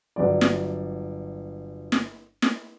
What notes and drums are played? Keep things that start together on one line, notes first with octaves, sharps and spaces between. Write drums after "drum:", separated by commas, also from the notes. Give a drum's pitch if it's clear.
G1 F#3 D5
drum: snare
drum: snare
drum: snare